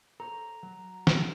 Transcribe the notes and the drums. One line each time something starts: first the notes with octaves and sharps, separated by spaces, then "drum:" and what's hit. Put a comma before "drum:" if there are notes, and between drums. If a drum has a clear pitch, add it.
A4 C5 C#5 A#5
F#3
drum: snare